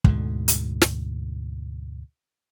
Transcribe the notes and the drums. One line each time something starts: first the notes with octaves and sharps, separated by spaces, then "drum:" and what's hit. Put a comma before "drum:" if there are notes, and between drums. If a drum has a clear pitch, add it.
D2 G#2 B2 D3, drum: kick
drum: hi-hat
drum: snare